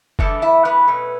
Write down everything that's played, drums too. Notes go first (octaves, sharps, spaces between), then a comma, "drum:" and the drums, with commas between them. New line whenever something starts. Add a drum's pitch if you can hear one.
E2 D3 G3 A3 B3 D4 A4, drum: kick F#1
E4 E5
B3 B4
B2 A3 C#4